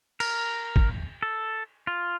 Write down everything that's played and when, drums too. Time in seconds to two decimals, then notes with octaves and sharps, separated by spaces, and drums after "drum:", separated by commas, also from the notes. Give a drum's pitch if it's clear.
0.20 A#4, drum: cymbal
0.76 drum: kick
1.23 A4
1.87 F4